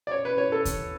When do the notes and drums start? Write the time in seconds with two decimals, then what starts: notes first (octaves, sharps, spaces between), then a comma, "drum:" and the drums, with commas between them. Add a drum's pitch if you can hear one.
0.07 D5
0.11 C#5
0.25 B4
0.38 C#5
0.52 A4
0.65 drum: kick D#2, hi-hat